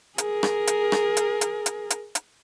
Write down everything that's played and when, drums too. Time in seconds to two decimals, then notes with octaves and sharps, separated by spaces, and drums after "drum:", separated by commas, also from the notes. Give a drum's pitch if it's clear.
0.18 G#4 A#4, drum: hi-hat
0.43 drum: rim click
0.67 drum: hi-hat
0.92 drum: rim click
1.17 drum: hi-hat
1.41 drum: hi-hat
1.66 drum: hi-hat
1.90 drum: hi-hat
2.15 drum: hi-hat